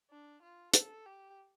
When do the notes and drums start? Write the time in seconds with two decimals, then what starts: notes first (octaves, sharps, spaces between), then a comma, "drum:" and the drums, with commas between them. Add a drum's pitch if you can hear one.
0.10 D4
0.42 F4
0.74 A4, drum: hi-hat
1.06 G4